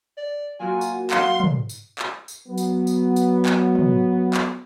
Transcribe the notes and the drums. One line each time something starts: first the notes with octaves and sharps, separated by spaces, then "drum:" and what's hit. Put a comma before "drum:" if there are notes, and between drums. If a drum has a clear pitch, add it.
D5
F#3 A#3 F4 F#4 G#5
drum: tambourine
F5 F#5 C6, drum: clap
drum: tom
drum: tambourine
drum: clap
drum: tambourine
F#3 B3
drum: tambourine
drum: tambourine
drum: tambourine
drum: clap
drum: tom
drum: clap